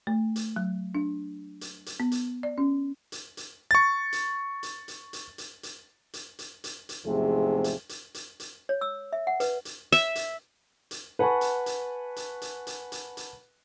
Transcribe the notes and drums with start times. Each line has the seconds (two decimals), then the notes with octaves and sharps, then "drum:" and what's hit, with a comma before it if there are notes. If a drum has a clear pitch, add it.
0.07 A3
0.36 drum: hi-hat
0.56 F#3
0.95 D4
1.61 drum: hi-hat
1.86 drum: hi-hat
2.00 B3
2.12 drum: hi-hat
2.43 D5
2.58 C#4
3.12 drum: hi-hat
3.37 drum: hi-hat
3.71 C#6 A6
4.13 drum: hi-hat
4.63 drum: hi-hat
4.88 drum: hi-hat
5.13 drum: hi-hat
5.38 drum: hi-hat
5.63 drum: hi-hat
6.13 drum: hi-hat
6.39 drum: hi-hat
6.64 drum: hi-hat
6.89 drum: hi-hat
7.06 E2 G#2 C3 F3 A3 G#4
7.64 drum: hi-hat
7.89 drum: hi-hat
8.14 drum: hi-hat
8.40 drum: hi-hat
8.69 C#5
8.81 E6
9.13 E5
9.27 F#5
9.40 B4, drum: hi-hat
9.65 drum: hi-hat
9.92 E5, drum: hi-hat
10.15 drum: hi-hat
10.91 drum: hi-hat
11.19 B4 F#5 G#5 A5 C#6
11.41 drum: hi-hat
11.66 drum: hi-hat
12.16 drum: hi-hat
12.42 drum: hi-hat
12.67 drum: hi-hat
12.92 drum: hi-hat
13.17 drum: hi-hat